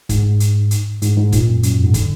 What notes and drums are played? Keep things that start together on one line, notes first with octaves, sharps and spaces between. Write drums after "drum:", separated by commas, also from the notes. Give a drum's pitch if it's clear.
G#2, drum: kick, hi-hat
drum: hi-hat
drum: hi-hat
G#2, drum: hi-hat
G#2
A#2, drum: kick, hi-hat
F#2
F#2, drum: hi-hat
F2
G#2
D3, drum: kick, hi-hat